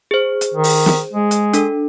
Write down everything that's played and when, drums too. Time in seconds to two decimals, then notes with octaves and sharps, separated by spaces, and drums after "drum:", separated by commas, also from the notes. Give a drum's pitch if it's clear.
0.11 G#4 C5
0.41 drum: hi-hat
0.54 D#3
0.64 drum: open hi-hat
0.86 drum: snare
1.13 G#3
1.31 drum: hi-hat
1.53 D4 A4, drum: hi-hat